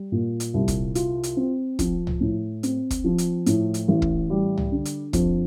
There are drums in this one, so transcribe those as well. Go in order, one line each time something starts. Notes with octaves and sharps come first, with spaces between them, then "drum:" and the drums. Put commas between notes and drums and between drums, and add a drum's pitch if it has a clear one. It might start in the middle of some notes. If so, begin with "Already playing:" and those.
Already playing: G3
A#2
drum: hi-hat
C2
drum: kick, hi-hat
F4, drum: hi-hat
drum: hi-hat
C4
F3, drum: kick, hi-hat
drum: tom C2
A2
C4, drum: hi-hat
drum: kick, hi-hat
F3
drum: hi-hat
A2, drum: hi-hat
drum: hi-hat
A1
drum: kick
G3
drum: tom C2
D3
drum: hi-hat
F2, drum: kick, hi-hat